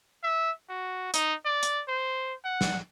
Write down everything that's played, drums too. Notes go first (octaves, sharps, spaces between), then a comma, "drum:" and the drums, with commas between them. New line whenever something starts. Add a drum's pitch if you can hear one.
E5
F#4
D#4, drum: hi-hat
D5
drum: hi-hat
C5
F#5
drum: snare